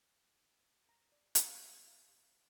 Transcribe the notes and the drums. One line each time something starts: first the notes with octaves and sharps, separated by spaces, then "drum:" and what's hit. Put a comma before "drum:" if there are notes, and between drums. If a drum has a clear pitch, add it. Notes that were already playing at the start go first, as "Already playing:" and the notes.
A#5
D5
F5, drum: hi-hat
E5
F5